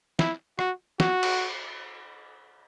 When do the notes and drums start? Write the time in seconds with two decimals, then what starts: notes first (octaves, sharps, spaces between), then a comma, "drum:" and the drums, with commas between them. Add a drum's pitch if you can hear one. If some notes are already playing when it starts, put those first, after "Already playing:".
0.19 E4, drum: snare
0.59 F#4, drum: rim click
1.00 F#4, drum: snare
1.23 drum: cymbal